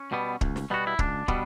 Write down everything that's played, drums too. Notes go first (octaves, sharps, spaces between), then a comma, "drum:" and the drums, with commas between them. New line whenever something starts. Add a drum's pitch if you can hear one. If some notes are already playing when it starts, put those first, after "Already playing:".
Already playing: C#4
B2 G3 B3
C#2, drum: kick
drum: snare
B2 G3 B3 F#4
E4
C#2 D4, drum: kick
B2 G3 B3, drum: kick